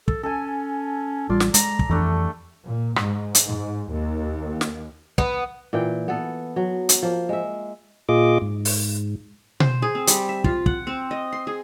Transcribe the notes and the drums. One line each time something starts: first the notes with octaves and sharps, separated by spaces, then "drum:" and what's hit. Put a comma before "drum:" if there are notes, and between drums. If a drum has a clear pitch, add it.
A4, drum: kick
C#4 A4 G#5
A1 G3 F4 D5
drum: snare
G#3 A#5, drum: hi-hat
drum: kick
F2 E3 F3 G3 A3 D4
A#2
G#2, drum: rim click
drum: hi-hat
G#2
D#2
drum: snare
B3, drum: kick
A#2 E3 G5
B3 A4
F#3
drum: hi-hat
F3 A#3
G#3 E5
A#2 F4 G#4 D#5 D6
G#2
drum: open hi-hat
C5, drum: tom B2
G#4
C4
G3, drum: hi-hat
E5
F4, drum: kick
F#5, drum: kick
C4
D#5
C6
G#4